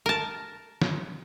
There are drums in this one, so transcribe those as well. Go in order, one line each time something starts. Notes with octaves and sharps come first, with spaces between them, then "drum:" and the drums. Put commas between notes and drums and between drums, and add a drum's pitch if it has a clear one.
A#4 A5
drum: snare